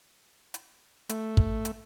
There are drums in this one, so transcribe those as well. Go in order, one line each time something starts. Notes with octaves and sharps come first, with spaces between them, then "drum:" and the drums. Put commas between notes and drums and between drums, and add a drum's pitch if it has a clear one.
drum: hi-hat
A3, drum: hi-hat
drum: kick
drum: hi-hat